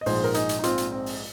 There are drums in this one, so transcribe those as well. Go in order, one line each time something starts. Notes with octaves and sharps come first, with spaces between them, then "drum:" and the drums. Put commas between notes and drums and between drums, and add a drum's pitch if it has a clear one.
D#5
A#1 G#2 F3 G#3 G#4 C5, drum: open hi-hat
A#4
D#4 G#4, drum: hi-hat
drum: hi-hat
D#4
C4 F4, drum: hi-hat
drum: hi-hat
C4
drum: open hi-hat